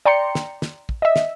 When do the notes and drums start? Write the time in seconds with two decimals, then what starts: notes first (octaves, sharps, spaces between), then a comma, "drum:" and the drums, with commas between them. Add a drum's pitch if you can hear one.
0.06 D5 G5 A#5 C6 C#7
0.35 drum: snare
0.62 drum: snare
0.89 drum: kick
1.02 D#5 E5
1.16 drum: snare